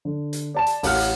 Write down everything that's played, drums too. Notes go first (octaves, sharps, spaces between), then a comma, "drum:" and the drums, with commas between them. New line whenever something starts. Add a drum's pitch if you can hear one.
D3
drum: hi-hat
D5 A5 E7
drum: hi-hat
A1 F5 F#5 F6, drum: open hi-hat
drum: hi-hat